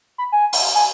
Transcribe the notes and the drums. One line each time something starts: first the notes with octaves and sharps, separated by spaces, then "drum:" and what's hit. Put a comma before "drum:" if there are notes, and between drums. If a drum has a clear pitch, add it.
B5
G#5
drum: open hi-hat
G#5